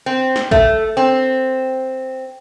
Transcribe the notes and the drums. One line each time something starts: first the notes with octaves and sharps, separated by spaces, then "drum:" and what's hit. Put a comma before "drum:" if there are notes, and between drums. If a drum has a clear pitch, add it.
C4
drum: snare
A3, drum: kick
C4